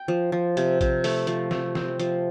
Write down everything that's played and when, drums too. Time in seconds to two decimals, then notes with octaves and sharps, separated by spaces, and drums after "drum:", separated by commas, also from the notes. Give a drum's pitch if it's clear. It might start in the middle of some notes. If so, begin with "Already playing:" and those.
Already playing: G5
0.08 F3
0.32 F3
0.57 C3, drum: hi-hat
0.81 C3, drum: kick, hi-hat
1.04 A3, drum: open hi-hat
1.27 F3, drum: hi-hat
1.51 A3, drum: snare
1.75 C4, drum: snare
2.00 F3, drum: hi-hat